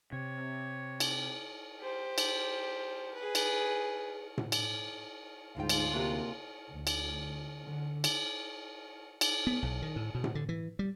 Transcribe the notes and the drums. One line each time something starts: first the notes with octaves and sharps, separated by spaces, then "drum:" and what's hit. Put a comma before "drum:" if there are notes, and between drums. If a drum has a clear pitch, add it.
C3 C#5
drum: cymbal
G4 C5
drum: cymbal
G#4 B4
drum: cymbal
drum: tom A2
drum: cymbal
D2 G#2 D#4 F4 G5
drum: cymbal
C3 A#3 F#4
D2
drum: cymbal
D3
drum: cymbal
drum: cymbal
B3
B1
D#3
A2
B2
drum: tom A2
D3
E3
G3